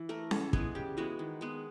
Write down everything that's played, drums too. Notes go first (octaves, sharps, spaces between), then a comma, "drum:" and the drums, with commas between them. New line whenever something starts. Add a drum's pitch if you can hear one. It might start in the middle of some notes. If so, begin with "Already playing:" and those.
Already playing: E3
A3 A#4
C#3 A4, drum: snare C#4
E3 G#3 B3 G#4, drum: kick
C#3 G4
E3 G#3 B3 F#4
D#3
G#3 B3